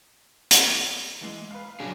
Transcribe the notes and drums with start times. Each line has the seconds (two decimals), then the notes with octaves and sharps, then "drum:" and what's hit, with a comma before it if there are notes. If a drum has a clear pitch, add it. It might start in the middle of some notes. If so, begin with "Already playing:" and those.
0.51 drum: hi-hat
1.21 E3 G#3
1.51 B4 F5
1.80 F#3 D4 G#4